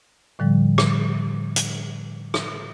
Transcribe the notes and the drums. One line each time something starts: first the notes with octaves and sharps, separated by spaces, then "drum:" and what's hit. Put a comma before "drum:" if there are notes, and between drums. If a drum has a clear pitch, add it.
A2 D3 F3 G3
drum: rim click
drum: hi-hat
drum: rim click